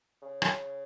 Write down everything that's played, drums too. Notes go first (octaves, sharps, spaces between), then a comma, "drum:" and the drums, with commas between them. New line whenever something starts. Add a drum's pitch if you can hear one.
C#3
drum: rim click